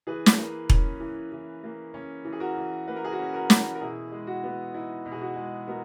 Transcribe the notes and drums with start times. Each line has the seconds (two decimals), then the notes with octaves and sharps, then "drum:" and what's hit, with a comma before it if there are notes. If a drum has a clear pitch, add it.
0.07 E3 G#4 B4
0.26 drum: snare
0.38 A#3
0.70 C#4, drum: kick E1
1.00 E3
1.32 E3
1.63 A#3
1.94 C#4
2.25 E3
2.32 G#4
2.40 F#4 A#4
2.57 E3
2.87 A#3 B4
2.96 A#4
3.04 G#4
3.12 F#4 A#4
3.18 C#4
3.34 F#4 A#4
3.50 E3, drum: snare
3.75 A#4
3.81 B2 E4 G#4
4.12 G#3
4.27 F#4
4.44 B3
4.74 D#4 E4
5.06 B2
5.12 G#4
5.21 F#4
5.36 G#3
5.68 B3 F#4 A#4